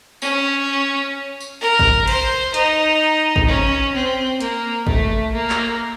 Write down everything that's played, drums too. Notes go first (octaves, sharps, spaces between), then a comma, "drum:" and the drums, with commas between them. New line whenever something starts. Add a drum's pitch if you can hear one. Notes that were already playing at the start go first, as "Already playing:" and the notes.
C#4, drum: tambourine
drum: tambourine
A#4
drum: kick G#1
C5, drum: cymbal
D#4, drum: hi-hat
drum: kick G#1
C#4
C4
A#3, drum: hi-hat
A3, drum: kick G#1
A#3
drum: clap